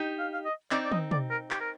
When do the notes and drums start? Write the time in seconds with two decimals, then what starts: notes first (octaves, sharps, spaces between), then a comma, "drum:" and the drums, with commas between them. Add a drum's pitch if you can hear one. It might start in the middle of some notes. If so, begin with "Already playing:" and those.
Already playing: D#4 G4
0.19 F5
0.33 F5
0.45 D#5
0.71 C4 D#4 D5, drum: clap
0.85 D5
0.92 D#5, drum: tom
1.11 D5, drum: tom
1.31 A#4
1.51 G4, drum: clap
1.61 A#4